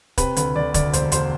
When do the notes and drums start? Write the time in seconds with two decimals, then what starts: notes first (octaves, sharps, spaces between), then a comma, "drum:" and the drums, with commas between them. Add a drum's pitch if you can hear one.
0.18 C3 B4, drum: kick, hi-hat
0.37 D2 B4, drum: hi-hat
0.56 D2 D5
0.74 D2 D5, drum: kick, hi-hat
0.93 E1 C5, drum: hi-hat
1.12 E1 C5, drum: hi-hat